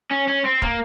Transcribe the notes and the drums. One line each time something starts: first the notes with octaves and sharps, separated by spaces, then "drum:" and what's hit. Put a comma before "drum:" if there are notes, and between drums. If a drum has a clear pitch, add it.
C#4
C#4
C4
A#3, drum: kick